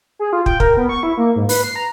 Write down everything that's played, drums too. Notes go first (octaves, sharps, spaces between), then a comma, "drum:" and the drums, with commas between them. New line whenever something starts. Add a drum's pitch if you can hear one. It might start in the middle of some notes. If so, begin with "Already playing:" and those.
G#4
F4
G5, drum: kick
A#4, drum: kick
B3
C#6
E4
A#3
G#2
B4, drum: open hi-hat
C7
A#5